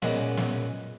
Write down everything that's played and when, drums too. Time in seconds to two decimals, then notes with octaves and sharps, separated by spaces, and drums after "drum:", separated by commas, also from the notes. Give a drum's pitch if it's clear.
0.02 F#2 A#2 G#3 B3 F#5, drum: snare
0.37 drum: snare